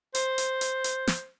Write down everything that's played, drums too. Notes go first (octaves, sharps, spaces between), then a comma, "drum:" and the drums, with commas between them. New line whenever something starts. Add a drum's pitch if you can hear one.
C5, drum: hi-hat
drum: hi-hat
drum: hi-hat
drum: hi-hat
drum: snare